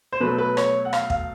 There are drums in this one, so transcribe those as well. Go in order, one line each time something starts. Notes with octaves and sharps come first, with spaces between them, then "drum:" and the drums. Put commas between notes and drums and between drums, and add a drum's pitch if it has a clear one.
C5
B2 F#3 A3 B4
B4
C#5, drum: rim click
F#5
F5, drum: rim click
F5, drum: kick